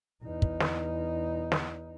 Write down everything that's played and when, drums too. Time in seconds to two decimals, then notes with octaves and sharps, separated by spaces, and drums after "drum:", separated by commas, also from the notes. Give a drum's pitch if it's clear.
0.24 E2 D#4
0.42 drum: kick
0.60 drum: snare
1.52 drum: snare